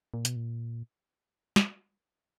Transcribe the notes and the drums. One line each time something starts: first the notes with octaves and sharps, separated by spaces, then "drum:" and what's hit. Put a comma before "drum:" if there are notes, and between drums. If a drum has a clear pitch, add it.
A#2
B2, drum: hi-hat
A#2
drum: snare